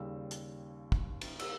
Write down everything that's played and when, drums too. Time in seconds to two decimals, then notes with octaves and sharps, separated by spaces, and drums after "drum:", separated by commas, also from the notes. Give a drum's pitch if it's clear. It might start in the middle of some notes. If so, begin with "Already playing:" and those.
Already playing: D#2 C#3 G3 E6
0.31 drum: hi-hat
0.92 drum: kick
1.21 drum: cymbal
1.39 E6, drum: cymbal